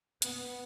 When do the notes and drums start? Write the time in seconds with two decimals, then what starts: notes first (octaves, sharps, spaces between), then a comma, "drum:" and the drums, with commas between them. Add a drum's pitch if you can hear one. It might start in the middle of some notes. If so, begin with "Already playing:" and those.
0.22 B3, drum: hi-hat